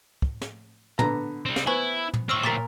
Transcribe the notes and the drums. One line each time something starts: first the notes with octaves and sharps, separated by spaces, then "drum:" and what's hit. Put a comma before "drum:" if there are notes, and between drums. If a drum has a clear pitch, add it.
drum: kick
drum: snare
D3 B3 A#5, drum: tom
G3 C4
drum: snare
B3 E4 C5 G#5 C#6
drum: tom A#2
A2 C4 C#6 E6 F6
A#2 A#4 D6 A6 B6